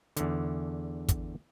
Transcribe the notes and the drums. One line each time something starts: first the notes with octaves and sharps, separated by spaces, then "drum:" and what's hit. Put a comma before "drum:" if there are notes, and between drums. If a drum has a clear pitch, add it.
E2 D3, drum: hi-hat
drum: kick, hi-hat